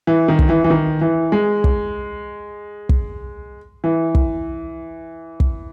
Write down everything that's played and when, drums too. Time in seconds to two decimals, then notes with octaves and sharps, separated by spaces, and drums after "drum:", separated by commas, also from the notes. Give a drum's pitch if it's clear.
0.07 E3
0.28 D#3
0.39 drum: kick
0.49 E3
0.64 E3
0.70 D#3
1.01 E3
1.32 G#3
1.64 drum: kick
2.89 drum: kick
3.84 E3
4.15 drum: kick
5.40 drum: kick